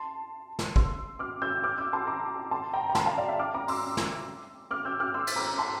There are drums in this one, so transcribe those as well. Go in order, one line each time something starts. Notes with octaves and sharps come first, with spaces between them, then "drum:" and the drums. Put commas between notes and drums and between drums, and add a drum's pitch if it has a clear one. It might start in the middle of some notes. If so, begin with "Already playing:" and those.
Already playing: A5 C6
drum: snare
C6 E6, drum: kick
D6 F6
E6 G6
D6 F6
E6 G6
A5 C6
A#5 D6
A5 C6
G5 A#5
A#5
A5 C6, drum: snare
F5 A5
D5 F5
E5 G5
D6 F6
A#5 D6
C6 E6, drum: open hi-hat
drum: snare
D6 F6
E6 G6
D6 F6
C6 E6
drum: cymbal
A#5 D6
A5 C6